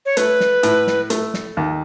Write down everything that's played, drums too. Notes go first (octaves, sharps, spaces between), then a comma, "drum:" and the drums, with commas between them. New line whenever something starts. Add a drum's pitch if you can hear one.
C#5
A3 B4, drum: hi-hat
drum: snare
A2, drum: hi-hat
drum: snare
A3, drum: hi-hat
drum: snare
D#2